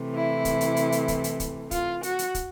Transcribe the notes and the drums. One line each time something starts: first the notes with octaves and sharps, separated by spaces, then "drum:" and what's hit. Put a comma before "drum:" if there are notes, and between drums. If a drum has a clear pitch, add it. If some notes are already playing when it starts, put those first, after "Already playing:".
Already playing: C3 E3 A3
E4
drum: kick, hi-hat
drum: hi-hat
drum: hi-hat
drum: hi-hat
drum: kick, hi-hat
drum: hi-hat
drum: kick, hi-hat
F4, drum: kick, hi-hat
F#4, drum: hi-hat
drum: hi-hat
drum: kick, hi-hat